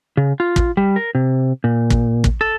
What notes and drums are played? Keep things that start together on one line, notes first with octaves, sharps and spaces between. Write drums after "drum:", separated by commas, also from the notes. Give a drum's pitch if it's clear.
C#3
F4
drum: kick
G3
A#4
C3
A#2
drum: kick
drum: kick
A4